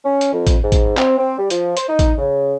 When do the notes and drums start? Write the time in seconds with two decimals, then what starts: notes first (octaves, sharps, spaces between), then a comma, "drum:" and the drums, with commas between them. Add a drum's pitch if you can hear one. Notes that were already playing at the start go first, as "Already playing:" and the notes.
0.05 C#4
0.21 drum: hi-hat
0.33 F2
0.47 drum: kick, hi-hat
0.63 G#2
0.72 drum: kick, hi-hat
0.97 C4, drum: clap
1.18 C4
1.38 G3
1.50 F3, drum: hi-hat
1.77 C5, drum: hi-hat
1.88 D#4
1.99 drum: kick, hi-hat
2.18 C#3